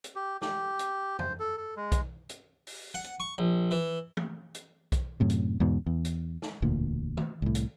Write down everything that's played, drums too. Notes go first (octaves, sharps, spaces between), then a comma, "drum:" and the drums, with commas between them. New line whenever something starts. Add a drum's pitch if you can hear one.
drum: hi-hat
G4
G4, drum: snare
drum: hi-hat
C5, drum: tom F2
A4
A4
G#3
drum: kick B1, hi-hat
drum: hi-hat
drum: open hi-hat
F#5
drum: hi-hat
C#6
A#1
E3
drum: tom E3
drum: hi-hat
drum: kick B1, hi-hat
F#2 A2 C3
drum: hi-hat
E2 G#2 B2
E2
drum: hi-hat
drum: snare
E1 D2 A#2
drum: tom D#3
C2 A2
drum: hi-hat